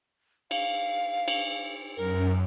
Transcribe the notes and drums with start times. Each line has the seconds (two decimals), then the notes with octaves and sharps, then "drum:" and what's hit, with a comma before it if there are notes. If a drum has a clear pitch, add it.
0.51 F5, drum: cymbal
1.28 drum: cymbal
1.97 F#2 A#4